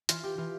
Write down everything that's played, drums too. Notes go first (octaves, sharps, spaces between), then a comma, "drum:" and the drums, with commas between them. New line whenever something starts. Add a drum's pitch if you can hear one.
E3 F4, drum: hi-hat
G4
E3 F4